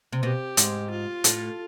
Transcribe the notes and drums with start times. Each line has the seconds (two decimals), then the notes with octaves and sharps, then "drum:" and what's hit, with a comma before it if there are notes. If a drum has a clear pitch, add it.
0.12 C3
0.23 B2 G4
0.57 G#2, drum: hi-hat
0.90 F4
1.24 A2, drum: hi-hat